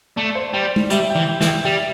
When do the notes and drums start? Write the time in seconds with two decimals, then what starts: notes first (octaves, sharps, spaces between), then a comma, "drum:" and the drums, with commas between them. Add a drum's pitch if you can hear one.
0.16 A3 D5
0.35 C5
0.53 G3 D5
0.76 drum: tom G#3
0.90 G3 E5, drum: hi-hat
1.10 G5
1.15 E3
1.28 G5
1.41 E3, drum: snare
1.47 G5
1.65 G3 E5